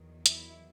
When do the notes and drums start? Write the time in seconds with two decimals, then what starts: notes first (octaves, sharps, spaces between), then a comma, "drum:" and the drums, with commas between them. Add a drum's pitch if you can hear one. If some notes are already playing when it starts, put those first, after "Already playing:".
Already playing: E2 D#3 F#3
0.26 E4, drum: hi-hat